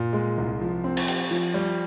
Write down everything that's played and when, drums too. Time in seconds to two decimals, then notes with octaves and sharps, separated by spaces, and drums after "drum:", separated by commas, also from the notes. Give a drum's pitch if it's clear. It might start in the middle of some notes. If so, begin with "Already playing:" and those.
Already playing: A#2
0.13 G#3
0.38 C2
0.61 F3
0.84 C4
0.97 drum: cymbal
1.08 G4, drum: cymbal
1.31 F3
1.54 G3